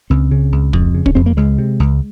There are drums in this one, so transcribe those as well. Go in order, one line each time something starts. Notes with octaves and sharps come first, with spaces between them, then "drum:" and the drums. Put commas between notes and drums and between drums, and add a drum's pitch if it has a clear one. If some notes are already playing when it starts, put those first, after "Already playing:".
C#2 C4
C#3
C#2
F2, drum: kick
C#3
C#4, drum: kick
F2 C4
A#3
C#2 G#3
C3
C#2